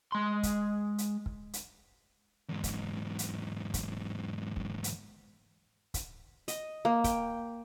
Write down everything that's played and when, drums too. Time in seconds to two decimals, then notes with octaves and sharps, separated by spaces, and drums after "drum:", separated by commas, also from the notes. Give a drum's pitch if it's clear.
0.12 G#3 C6
0.43 drum: kick, hi-hat
0.98 drum: hi-hat
1.26 drum: kick
1.53 drum: hi-hat
2.49 E2 G#2
2.64 drum: kick, hi-hat
3.19 drum: hi-hat
3.74 drum: kick, hi-hat
4.56 drum: kick
4.84 drum: hi-hat
5.94 drum: kick, hi-hat
6.48 D#5, drum: hi-hat
6.85 A#3
7.04 G5, drum: kick, hi-hat